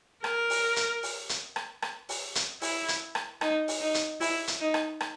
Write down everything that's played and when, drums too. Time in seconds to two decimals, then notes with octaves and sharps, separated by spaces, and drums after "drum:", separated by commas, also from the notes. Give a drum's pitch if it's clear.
0.24 A#4, drum: rim click
0.50 drum: open hi-hat
0.76 drum: hi-hat
1.03 drum: open hi-hat
1.29 drum: hi-hat
1.56 drum: rim click
1.82 drum: rim click
2.09 drum: open hi-hat
2.35 drum: hi-hat
2.61 E4, drum: open hi-hat
2.88 drum: hi-hat
3.15 drum: rim click
3.41 D#4, drum: rim click
3.68 drum: open hi-hat
3.81 D#4
3.94 drum: hi-hat
4.21 E4, drum: open hi-hat
4.47 drum: hi-hat
4.60 D#4
4.74 drum: rim click
5.00 drum: rim click